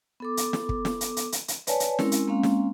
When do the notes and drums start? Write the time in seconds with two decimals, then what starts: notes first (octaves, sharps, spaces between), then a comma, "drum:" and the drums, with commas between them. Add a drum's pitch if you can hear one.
0.20 B3 A4 D6
0.37 drum: hi-hat
0.53 drum: snare
0.69 drum: kick
0.85 drum: snare
1.01 drum: hi-hat
1.17 drum: hi-hat
1.32 drum: hi-hat
1.48 drum: hi-hat
1.67 B4 C#5 D5 G#5 A5, drum: hi-hat
1.80 drum: hi-hat
1.99 G#3 C4 C#4 E4 A#4, drum: snare
2.12 drum: hi-hat
2.28 G#3 A#3 C4 C#4 F5
2.43 drum: snare